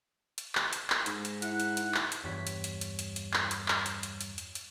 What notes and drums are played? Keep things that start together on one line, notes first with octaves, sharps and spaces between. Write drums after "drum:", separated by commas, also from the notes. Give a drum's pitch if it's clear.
drum: hi-hat
drum: clap
drum: hi-hat
drum: clap
G#2, drum: hi-hat
drum: hi-hat
E4 F#5, drum: hi-hat
drum: hi-hat
drum: hi-hat
drum: clap
drum: hi-hat
E2 G2 G3 F4 C#5 B6
drum: hi-hat
drum: hi-hat
drum: hi-hat
drum: hi-hat
drum: hi-hat
drum: clap
drum: hi-hat
drum: clap
drum: hi-hat
drum: hi-hat
drum: hi-hat
drum: hi-hat
drum: hi-hat